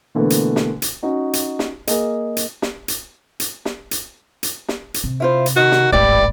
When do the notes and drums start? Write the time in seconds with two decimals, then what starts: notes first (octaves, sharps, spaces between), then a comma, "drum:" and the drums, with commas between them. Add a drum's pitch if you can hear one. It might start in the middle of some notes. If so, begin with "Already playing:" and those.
0.15 B2 D3 E3 A3 A#3
0.30 drum: hi-hat
0.56 drum: snare
0.82 drum: hi-hat
1.03 C#4 D#4 F#4
1.33 drum: hi-hat
1.59 drum: snare
1.87 A#3 G#4 D#5, drum: hi-hat
2.37 drum: hi-hat
2.62 drum: snare
2.88 drum: hi-hat
3.40 drum: hi-hat
3.65 drum: snare
3.91 drum: hi-hat
4.43 drum: hi-hat
4.69 drum: snare
4.94 drum: hi-hat
5.04 C3
5.20 E4 F4 C5
5.46 drum: hi-hat
5.56 D#3 F#4
5.72 drum: snare
5.92 D1 G#1 E3 G3 E4 D5